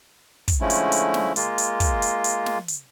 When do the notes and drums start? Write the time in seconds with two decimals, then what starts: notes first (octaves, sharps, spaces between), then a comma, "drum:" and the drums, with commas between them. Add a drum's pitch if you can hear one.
0.48 drum: kick, hi-hat
0.61 D3 F3 G#3 A3 C#4 E4
0.70 drum: hi-hat
0.92 drum: hi-hat
1.14 drum: snare
1.36 G#3 A#3 F4, drum: hi-hat
1.58 drum: hi-hat
1.80 drum: kick, hi-hat
2.02 drum: hi-hat
2.24 drum: hi-hat
2.46 drum: snare
2.68 drum: hi-hat